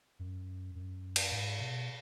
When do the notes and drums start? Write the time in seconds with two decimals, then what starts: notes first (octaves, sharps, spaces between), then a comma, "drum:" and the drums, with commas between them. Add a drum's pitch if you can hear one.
0.19 F#2
0.75 F#2
1.16 drum: cymbal
1.32 G#2
1.60 B2